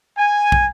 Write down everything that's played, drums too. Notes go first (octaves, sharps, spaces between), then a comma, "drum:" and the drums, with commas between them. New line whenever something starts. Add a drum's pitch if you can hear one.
G#5
drum: kick